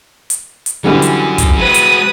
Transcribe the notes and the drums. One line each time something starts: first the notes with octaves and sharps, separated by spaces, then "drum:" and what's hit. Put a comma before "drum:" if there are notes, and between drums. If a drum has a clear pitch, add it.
drum: hi-hat
drum: hi-hat
D3 E3 F#3 G3 C#4
drum: hi-hat
drum: kick, hi-hat
G#3 F#4 B4 D#6
drum: hi-hat